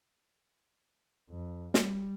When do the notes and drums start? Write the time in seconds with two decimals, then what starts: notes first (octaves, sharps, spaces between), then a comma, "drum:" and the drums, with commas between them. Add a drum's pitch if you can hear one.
1.30 F2
1.74 G3, drum: snare